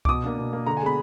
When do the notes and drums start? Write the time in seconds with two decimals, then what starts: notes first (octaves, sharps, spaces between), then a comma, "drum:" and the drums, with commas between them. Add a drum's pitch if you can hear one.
0.05 D6, drum: kick C2
0.09 B2 D#6
0.24 A#3 D4
0.38 B2
0.53 A#3 D4
0.66 D3 A#5
0.77 G#5
0.82 G#3 B3 B5